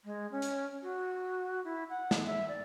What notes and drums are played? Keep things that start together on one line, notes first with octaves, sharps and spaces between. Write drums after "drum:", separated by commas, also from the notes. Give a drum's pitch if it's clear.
G#3
C#4
drum: hi-hat
F#4
E4
F#5
drum: snare
E5
D5